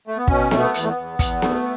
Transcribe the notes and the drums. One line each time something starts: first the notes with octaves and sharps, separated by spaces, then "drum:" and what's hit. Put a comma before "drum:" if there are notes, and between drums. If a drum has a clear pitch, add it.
A3
B3
B2 C#4, drum: kick
A3, drum: snare B3
B3
E2, drum: hi-hat
A3
B3
E2
E2, drum: kick, hi-hat
A3, drum: snare B3